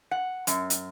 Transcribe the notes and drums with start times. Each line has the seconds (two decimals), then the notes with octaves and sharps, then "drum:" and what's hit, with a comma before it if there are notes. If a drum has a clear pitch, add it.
0.11 F#5
0.47 F#2, drum: hi-hat
0.70 drum: hi-hat